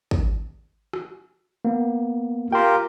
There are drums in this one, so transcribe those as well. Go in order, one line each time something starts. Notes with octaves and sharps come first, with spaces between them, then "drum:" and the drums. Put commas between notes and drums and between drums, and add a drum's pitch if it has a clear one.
drum: kick
drum: rim click
A#3 B3
F4 G4 A#4 G5 C6